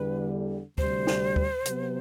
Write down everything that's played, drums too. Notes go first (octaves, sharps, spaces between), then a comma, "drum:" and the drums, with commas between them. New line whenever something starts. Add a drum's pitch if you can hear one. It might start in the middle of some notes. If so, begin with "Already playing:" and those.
Already playing: E2 D3 G3 B4
D2 C3 G3 C5, drum: kick D2
drum: snare
drum: kick D2
C3 F#3 B3, drum: hi-hat